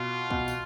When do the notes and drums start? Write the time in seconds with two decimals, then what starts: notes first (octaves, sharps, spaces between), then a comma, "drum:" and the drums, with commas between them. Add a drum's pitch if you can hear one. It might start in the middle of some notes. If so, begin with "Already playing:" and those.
Already playing: B2 F4
0.31 B2, drum: kick
0.48 drum: tambourine